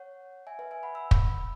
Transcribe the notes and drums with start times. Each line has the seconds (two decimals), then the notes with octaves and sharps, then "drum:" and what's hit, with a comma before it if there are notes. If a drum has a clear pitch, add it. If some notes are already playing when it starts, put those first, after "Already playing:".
Already playing: C#5 F#5
0.47 E5 G#5
0.59 B4 E5
0.71 E5 G#5
0.83 F#5 B5
0.95 B5 E6
1.11 drum: kick